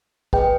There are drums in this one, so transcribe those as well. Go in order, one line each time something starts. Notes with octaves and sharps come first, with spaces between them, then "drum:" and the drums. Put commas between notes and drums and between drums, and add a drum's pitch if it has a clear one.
G#4 B4 D#5 G5, drum: kick